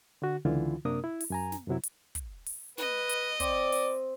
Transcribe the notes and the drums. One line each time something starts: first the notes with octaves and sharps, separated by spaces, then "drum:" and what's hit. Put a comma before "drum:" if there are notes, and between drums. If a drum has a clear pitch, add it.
D3 F#4
C#2 D3 E3 E4 F4
F#2 C3 A#3 D4 A#4 D#6
E4
drum: open hi-hat
F#2 G#5 A#5
drum: snare
F#2 C3 F#3 E4
drum: hi-hat
drum: kick, hi-hat
drum: open hi-hat
B4 D#5, drum: snare
drum: hi-hat
C4 D5, drum: kick, hi-hat
drum: open hi-hat